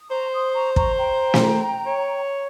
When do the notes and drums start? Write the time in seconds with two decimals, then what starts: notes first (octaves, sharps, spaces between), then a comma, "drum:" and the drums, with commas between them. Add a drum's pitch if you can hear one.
0.01 D#6
0.10 C5 A#5 C#6
0.33 C6 D#6
0.54 A#5 C#6
0.76 A#5 C#6, drum: kick
0.98 G5 A#5
1.34 drum: snare
1.86 C#5